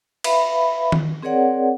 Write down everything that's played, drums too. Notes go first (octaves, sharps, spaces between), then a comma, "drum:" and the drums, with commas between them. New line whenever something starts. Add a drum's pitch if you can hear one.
B4 E5 F5 B5, drum: cymbal
drum: tom D#3
C4 G#4 A#4 C#5 D5 F#5